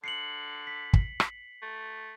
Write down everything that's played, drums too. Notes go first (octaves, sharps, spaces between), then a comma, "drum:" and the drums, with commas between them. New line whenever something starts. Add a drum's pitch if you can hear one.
D3 C7 C#7 F#7
B6
drum: kick
drum: rim click
A3